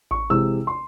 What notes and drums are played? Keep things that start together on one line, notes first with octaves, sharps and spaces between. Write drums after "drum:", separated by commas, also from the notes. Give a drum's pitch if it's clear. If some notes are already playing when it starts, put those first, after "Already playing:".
C#6, drum: kick A1
C3 E3 G#3 E6
C6